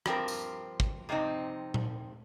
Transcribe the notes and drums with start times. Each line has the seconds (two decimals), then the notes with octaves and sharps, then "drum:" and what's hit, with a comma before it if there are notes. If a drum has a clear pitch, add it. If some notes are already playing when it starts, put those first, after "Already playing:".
0.06 G2 F3 C4 G4 A#4, drum: rim click
0.28 drum: tambourine
0.80 drum: kick
1.09 F2 C3 G3 C4 D#4
1.74 drum: tom A#2